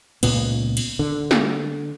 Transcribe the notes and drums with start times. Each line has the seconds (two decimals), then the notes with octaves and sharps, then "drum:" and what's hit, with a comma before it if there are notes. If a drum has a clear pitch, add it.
0.23 C#2 A#2 B3, drum: cymbal
0.77 drum: cymbal
0.99 D3
1.31 drum: snare